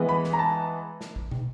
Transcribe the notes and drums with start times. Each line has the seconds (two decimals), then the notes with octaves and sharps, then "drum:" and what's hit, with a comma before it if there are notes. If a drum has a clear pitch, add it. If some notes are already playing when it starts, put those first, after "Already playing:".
Already playing: E3 G#3 B3
0.09 B5
0.24 drum: snare
0.33 A#5
0.39 A5
1.01 drum: snare
1.16 drum: kick
1.31 drum: tom